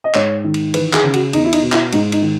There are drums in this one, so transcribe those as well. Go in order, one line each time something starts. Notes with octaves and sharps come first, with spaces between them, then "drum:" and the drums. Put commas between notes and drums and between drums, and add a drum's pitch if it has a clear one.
D#5
G#2 C#5, drum: clap
D#3
drum: cymbal
E3 B4, drum: cymbal
G#4, drum: clap
C#3
F#4, drum: cymbal
E2 D#4, drum: cymbal
E4
D#4, drum: cymbal
B2
E4, drum: clap
G#2 D#4, drum: cymbal
D#4, drum: cymbal
D#3